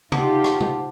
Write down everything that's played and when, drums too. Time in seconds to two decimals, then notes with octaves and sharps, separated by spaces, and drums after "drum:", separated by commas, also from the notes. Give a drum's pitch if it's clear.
0.12 D#4 F4 G4 C5 F#5 A5, drum: tom
0.44 drum: rim click
0.60 drum: tom